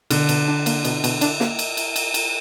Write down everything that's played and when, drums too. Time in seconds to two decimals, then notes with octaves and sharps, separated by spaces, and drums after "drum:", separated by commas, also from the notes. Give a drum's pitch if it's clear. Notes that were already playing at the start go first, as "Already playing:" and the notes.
0.10 B2 D3, drum: cymbal
0.29 B2, drum: cymbal
0.48 D4
0.66 A#3, drum: cymbal
0.85 B2, drum: cymbal
1.04 B2, drum: cymbal
1.21 D4, drum: cymbal
1.40 A#3, drum: snare
1.59 drum: cymbal
1.77 drum: cymbal
1.96 drum: cymbal
2.14 drum: cymbal